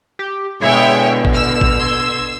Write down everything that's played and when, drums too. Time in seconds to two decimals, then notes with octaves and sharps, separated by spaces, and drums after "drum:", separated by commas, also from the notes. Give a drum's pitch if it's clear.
0.19 G4
0.61 B2 D3 G#3 E4 G#4 C#5 E5 G5
1.25 drum: kick A1
1.34 E6 F6
1.61 drum: kick A1
1.80 C6 G#6